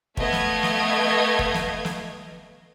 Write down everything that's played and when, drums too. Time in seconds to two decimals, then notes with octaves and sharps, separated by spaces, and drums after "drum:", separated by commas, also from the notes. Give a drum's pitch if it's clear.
0.17 A3 B3 D#5 F5 G#6, drum: kick
0.32 drum: snare
0.63 drum: snare
1.39 drum: kick
1.54 drum: snare
1.85 drum: snare